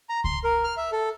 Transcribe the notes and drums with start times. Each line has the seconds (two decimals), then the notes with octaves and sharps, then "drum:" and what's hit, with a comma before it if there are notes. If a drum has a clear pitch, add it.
0.09 A#5
0.24 C6, drum: kick C#2
0.44 A#4
0.64 F6
0.77 E5
0.92 A4